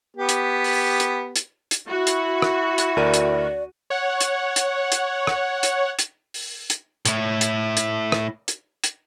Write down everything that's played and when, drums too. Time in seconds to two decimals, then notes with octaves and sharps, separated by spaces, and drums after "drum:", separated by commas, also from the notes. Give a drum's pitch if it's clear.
0.16 B3 G4
0.29 drum: hi-hat
0.64 drum: open hi-hat
1.00 drum: hi-hat
1.36 drum: hi-hat
1.71 drum: hi-hat
1.88 E4 F#4
2.07 drum: hi-hat
2.42 drum: rim click
2.78 drum: hi-hat
2.97 D2 A#4 D5 D#7
3.14 drum: hi-hat
3.90 C#5 F#5
4.21 drum: hi-hat
4.56 drum: hi-hat
4.92 drum: hi-hat
5.27 drum: rim click
5.63 drum: hi-hat
5.99 drum: hi-hat
6.34 drum: open hi-hat
6.70 drum: hi-hat
7.05 A2 E4, drum: hi-hat
7.41 drum: hi-hat
7.77 drum: hi-hat
8.12 drum: rim click
8.48 drum: hi-hat
8.84 drum: hi-hat